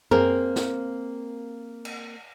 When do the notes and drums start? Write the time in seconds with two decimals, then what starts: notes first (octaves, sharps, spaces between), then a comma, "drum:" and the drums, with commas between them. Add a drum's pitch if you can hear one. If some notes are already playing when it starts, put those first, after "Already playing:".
0.11 A#3 C4 G#4 A#4, drum: tom F#2
0.56 drum: snare
1.85 drum: cymbal